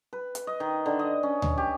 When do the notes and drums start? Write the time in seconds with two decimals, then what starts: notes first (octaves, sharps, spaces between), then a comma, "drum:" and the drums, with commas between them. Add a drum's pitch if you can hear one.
0.13 B4
0.35 drum: hi-hat
0.47 D#5
0.60 D#3
0.86 D3
0.99 D#5
1.23 C#4
1.42 drum: tom D2
1.58 G4